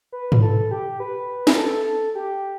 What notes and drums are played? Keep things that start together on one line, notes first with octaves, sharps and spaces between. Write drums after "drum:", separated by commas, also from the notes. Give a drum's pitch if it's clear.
B4
drum: tom G#2
A4
G4
B4
drum: snare
A4
G4